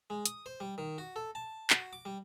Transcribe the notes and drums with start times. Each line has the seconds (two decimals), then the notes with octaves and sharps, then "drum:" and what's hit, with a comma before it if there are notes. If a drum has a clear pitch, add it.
0.10 G#3
0.26 D#6, drum: hi-hat
0.46 C5
0.60 G3
0.78 D#3
0.98 F#4
1.16 A4
1.35 A5
1.70 F#4, drum: clap
1.93 D6
2.05 G3